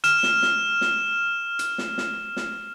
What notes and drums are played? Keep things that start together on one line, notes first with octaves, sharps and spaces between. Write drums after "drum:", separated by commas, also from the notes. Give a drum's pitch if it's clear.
F6 E7, drum: hi-hat
drum: snare
drum: snare
drum: snare
drum: hi-hat
drum: snare
drum: snare
drum: snare